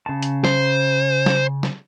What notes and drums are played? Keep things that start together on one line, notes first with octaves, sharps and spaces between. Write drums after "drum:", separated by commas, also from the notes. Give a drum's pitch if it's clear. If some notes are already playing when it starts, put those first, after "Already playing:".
C#3 A5
drum: hi-hat
C5, drum: snare
drum: snare
drum: snare